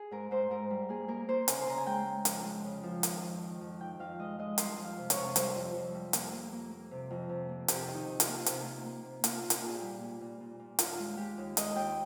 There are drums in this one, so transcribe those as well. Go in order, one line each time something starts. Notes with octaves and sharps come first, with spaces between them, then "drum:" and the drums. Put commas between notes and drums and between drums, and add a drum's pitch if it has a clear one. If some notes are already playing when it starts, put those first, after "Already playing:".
Already playing: G#4
G#2 A#4
G#2 C5
G#2 A#4
G3
A#3 G#4
A#3 A#4
A#3 C5
C#3 G#5, drum: hi-hat
C6
C#3 A#5
G#5
G#3 G5
G#3
F2, drum: hi-hat
G#3
C#3
F3
D#3, drum: hi-hat
F2
D#3
F2
D#3 G5
F2 F5
G#3 D#5
G#3 D#5
G3 C6, drum: hi-hat
F2
F5
C3
C#5, drum: hi-hat
C3
G3 C5, drum: hi-hat
F2
F2
G3
A#3, drum: hi-hat
A#3
A#3
A#3
C3
F2
C3
A#3
C3 G4, drum: hi-hat
D#3
D#4
C3
F4, drum: hi-hat
A#3
C3, drum: hi-hat
A#3
A#3
C3
A#3 F4, drum: hi-hat
A#2
F4, drum: hi-hat
A#2 G#4
G4
G3
A#2
A#2
A#2
A#2
D#2 F4, drum: hi-hat
G#3
G#3 G4
D#2
G#3 D#5, drum: hi-hat
D#2 G5